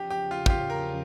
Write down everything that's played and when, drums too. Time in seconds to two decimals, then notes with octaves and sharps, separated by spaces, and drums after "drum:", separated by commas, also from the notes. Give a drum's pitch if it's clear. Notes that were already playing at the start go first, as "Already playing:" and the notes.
Already playing: E2 C#3 F3 G4
0.10 G4
0.31 F4
0.46 G4, drum: kick
0.50 F4
0.70 A#4